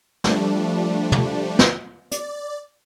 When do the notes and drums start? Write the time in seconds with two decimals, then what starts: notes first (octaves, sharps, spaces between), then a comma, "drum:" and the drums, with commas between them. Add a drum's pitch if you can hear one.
0.24 F3 G3 A3 D4, drum: snare
1.12 drum: tom
1.59 drum: snare
2.11 D5, drum: hi-hat